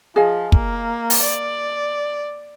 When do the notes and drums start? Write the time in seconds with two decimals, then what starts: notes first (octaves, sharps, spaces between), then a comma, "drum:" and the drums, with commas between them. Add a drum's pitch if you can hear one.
0.16 F3 G#4 D#5 F5
0.52 A#3, drum: kick
1.10 drum: open hi-hat
1.22 D5